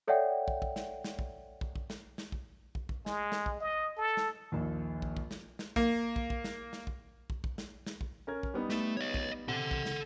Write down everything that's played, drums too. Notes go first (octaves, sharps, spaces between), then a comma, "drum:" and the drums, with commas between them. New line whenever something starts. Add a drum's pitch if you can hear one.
A4 C#5 D5 E5 F#5 G5
drum: kick
drum: kick
drum: snare
drum: snare
drum: kick
drum: kick
drum: kick
drum: snare
drum: snare
drum: kick
drum: kick
drum: kick
G#3, drum: snare
drum: snare
drum: kick
D#5
A4
drum: snare
A#1 D#2
drum: kick
drum: kick
drum: snare
drum: snare
A#3, drum: kick
drum: kick
drum: kick
drum: snare
drum: snare
drum: kick
drum: kick
drum: kick
drum: snare
drum: snare
drum: kick
C#4 A#4 G#6
drum: kick
G3 B3 D#4
A3, drum: snare
C#5 D#5
drum: kick
C3 A4 F#5
drum: kick
drum: snare